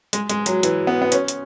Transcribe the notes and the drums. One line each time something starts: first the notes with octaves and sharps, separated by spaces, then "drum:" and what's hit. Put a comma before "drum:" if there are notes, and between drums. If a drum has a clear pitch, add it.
G#3, drum: hi-hat
G#3, drum: hi-hat
F#3, drum: hi-hat
E3, drum: hi-hat
B3
B3
C#4, drum: hi-hat
drum: hi-hat